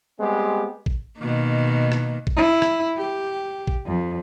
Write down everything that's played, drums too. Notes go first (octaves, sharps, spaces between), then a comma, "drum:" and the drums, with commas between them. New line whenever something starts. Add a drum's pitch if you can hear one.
G3 G#3 B3 C4 G4
drum: kick
B2 D#3 A#3
drum: rim click
drum: kick
E4
drum: rim click
G4
drum: kick
F2